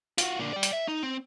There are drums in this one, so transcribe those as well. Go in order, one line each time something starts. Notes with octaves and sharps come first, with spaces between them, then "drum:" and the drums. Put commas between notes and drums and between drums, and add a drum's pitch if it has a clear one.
F4 F#4, drum: hi-hat
A#2 D3
D5 G5
drum: hi-hat
E5
D#4
C4